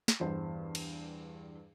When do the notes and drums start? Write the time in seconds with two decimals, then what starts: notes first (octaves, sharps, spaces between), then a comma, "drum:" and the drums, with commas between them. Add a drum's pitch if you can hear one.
0.08 drum: snare
0.20 E2 G2 C5
0.75 drum: cymbal